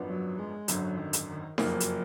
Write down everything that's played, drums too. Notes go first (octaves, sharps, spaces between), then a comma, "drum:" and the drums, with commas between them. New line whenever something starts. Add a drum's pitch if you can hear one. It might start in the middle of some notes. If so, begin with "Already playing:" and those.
Already playing: G#1 F#2 F3 B3 D4
F#3
G#3
G#1 F#2 D3 F#3, drum: hi-hat
D#3
drum: hi-hat
D#3
F#1 F2 F3 F#3 A#3, drum: snare D#4
drum: hi-hat